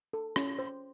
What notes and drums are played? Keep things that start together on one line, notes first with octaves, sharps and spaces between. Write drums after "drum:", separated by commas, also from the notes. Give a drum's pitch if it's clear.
A4
C#4, drum: rim click
C5